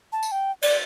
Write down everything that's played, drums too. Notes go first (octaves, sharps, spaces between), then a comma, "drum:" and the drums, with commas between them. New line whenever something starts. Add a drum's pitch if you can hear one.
A5
drum: tambourine
G5
D5, drum: cymbal